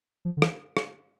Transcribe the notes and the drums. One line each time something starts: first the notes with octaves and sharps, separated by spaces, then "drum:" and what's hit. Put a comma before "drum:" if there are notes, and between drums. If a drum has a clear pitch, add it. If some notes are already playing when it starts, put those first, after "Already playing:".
F3
D3
E3, drum: rim click
drum: rim click